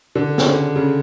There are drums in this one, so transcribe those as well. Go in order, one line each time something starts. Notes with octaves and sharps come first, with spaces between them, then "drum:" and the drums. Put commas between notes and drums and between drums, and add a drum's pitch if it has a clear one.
D3
C#3, drum: snare
D3
C#3